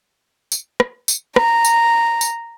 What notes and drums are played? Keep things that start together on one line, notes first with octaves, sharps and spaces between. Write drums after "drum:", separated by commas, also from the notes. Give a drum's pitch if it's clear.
drum: tambourine
drum: rim click
drum: tambourine
A#5, drum: rim click
drum: tambourine
drum: tambourine